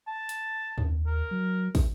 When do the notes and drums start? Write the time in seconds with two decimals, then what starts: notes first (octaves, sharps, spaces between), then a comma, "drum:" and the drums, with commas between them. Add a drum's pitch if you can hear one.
0.07 A5
0.29 drum: hi-hat
0.78 D#2, drum: tom F2
1.07 A#4
1.31 F#3
1.75 drum: kick, open hi-hat